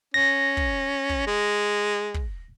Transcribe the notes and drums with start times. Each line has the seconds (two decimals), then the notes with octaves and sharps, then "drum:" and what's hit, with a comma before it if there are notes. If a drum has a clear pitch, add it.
0.14 C#4 A#6
0.57 drum: kick
1.09 drum: kick
1.27 G#3
2.14 drum: kick